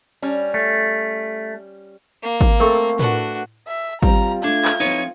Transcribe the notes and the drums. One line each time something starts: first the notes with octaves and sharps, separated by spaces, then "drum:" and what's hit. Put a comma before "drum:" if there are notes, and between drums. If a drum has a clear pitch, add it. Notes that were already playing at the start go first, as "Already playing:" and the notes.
G3 C#4
A3
A#3
drum: kick G#1
A3 C4 A4 A#4 C#6
D4 F#4 B4 F#5, drum: tom A2
E5
G3 C4 F4 A#5, drum: kick G#1
A3 D4 G#6
drum: clap
F3 C4 D#4 B4 C#5